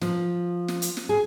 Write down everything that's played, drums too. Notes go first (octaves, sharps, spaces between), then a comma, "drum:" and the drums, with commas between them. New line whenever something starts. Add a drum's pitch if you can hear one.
F3, drum: snare
drum: snare
drum: hi-hat
drum: snare
G#4